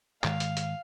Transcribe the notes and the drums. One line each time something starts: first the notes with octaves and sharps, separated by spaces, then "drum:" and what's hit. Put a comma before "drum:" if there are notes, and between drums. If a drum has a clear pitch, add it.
G#2 D#3 G#3 F5, drum: clap
drum: hi-hat
drum: hi-hat